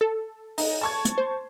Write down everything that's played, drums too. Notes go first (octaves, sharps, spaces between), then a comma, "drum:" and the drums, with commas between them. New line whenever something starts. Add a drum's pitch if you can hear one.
A4
D#4, drum: open hi-hat
A5 C#6 G#6
drum: hi-hat
C5